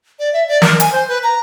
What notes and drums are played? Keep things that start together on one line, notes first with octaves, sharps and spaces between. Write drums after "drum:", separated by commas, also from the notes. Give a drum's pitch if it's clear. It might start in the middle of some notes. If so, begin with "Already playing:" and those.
D5
E5
D5
A#4, drum: snare
G#5, drum: hi-hat
C5
B4
A#5